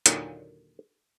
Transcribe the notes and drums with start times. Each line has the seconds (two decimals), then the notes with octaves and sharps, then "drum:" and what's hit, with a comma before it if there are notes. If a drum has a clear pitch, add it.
0.06 D#2 A#2 D3 D#3 F#3, drum: hi-hat